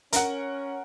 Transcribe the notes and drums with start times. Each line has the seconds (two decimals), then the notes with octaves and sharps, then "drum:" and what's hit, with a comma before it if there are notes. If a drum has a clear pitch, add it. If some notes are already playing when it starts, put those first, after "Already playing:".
0.13 C#4 A#4 F#5, drum: hi-hat